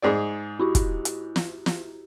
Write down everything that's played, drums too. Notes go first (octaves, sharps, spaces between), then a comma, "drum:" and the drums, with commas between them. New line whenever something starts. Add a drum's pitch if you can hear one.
G#2 G#4 D5
E4 F#4 G4
drum: kick, hi-hat
drum: hi-hat
drum: snare
drum: snare